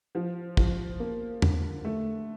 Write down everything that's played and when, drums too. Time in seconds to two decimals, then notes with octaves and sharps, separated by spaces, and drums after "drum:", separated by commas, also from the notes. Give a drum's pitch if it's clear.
0.15 F3
0.57 F3, drum: kick
1.00 A#3
1.42 D3, drum: tom
1.85 A3